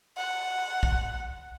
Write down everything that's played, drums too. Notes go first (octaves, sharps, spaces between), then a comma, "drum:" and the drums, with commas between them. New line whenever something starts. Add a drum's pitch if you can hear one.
F#5
drum: kick B1